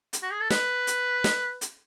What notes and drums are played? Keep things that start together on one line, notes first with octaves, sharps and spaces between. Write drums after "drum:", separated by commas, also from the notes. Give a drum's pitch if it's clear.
drum: hi-hat
F#4
G#4
A4
B4, drum: snare
drum: hi-hat
drum: snare
drum: hi-hat